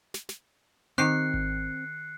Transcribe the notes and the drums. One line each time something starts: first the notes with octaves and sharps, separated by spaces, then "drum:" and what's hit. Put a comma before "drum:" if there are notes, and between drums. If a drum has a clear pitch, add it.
drum: snare
drum: snare
D#3 C4 G4 F#6 C7 C#7
drum: kick G#1